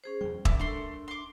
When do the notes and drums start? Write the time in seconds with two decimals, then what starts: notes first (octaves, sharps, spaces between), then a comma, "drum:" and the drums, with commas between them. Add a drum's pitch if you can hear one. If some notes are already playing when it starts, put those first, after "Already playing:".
0.04 C#4 G#4 C5
0.21 E2 G3 G5
0.45 G3 E4 A#4 D6, drum: kick
0.60 A3 D4 C6
1.08 C6 D6